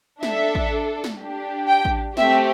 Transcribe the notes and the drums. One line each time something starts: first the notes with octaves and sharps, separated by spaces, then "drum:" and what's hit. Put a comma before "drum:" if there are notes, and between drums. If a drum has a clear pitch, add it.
D4 A4 E5, drum: snare
drum: kick A1
drum: snare
D4 G4
G5
drum: kick A1
A3 C4 G4 E5, drum: snare